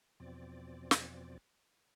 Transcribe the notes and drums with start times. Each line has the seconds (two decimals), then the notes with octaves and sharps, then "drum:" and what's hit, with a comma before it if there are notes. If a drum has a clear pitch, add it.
0.20 E2 B2 F3 C4 D5
0.91 drum: snare